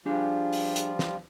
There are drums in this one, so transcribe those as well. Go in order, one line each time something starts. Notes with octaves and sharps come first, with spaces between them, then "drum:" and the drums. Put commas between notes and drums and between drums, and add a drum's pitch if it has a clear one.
F3 G3 D4 F4 G4 G#4
drum: open hi-hat
drum: hi-hat
drum: snare